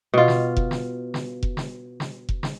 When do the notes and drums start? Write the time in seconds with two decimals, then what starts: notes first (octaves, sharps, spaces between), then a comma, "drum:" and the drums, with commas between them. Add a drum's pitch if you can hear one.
0.14 B2 F4
0.28 drum: snare
0.57 drum: kick F1
0.71 drum: snare
1.14 drum: snare
1.43 drum: kick F1
1.57 drum: snare
2.00 drum: snare
2.29 drum: kick F1
2.43 drum: snare